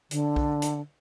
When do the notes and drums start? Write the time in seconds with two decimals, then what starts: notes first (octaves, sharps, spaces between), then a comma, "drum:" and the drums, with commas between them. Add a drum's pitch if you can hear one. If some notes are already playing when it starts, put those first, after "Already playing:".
0.11 D3, drum: hi-hat
0.36 drum: kick B1
0.62 drum: hi-hat